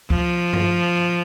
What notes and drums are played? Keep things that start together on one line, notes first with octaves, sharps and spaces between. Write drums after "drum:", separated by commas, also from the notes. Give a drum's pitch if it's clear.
F3, drum: kick C#2
drum: tom F#2